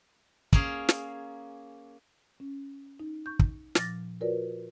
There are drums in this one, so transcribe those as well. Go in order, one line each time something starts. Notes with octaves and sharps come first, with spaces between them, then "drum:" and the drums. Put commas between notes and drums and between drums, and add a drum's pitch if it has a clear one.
A#3 C#4 G#4, drum: kick
drum: snare
C#4
D#4
C#6 G6
drum: kick
A#2 F3 D6 F6 A6 A#6, drum: snare
F4 F#4 A#4 B4 C#5 D5